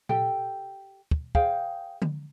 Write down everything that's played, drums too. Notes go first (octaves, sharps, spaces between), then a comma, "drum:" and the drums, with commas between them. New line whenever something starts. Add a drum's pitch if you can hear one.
G4 A4 G5, drum: tom A#2
drum: kick
G#4 C5 F5 G5, drum: kick
drum: tom D3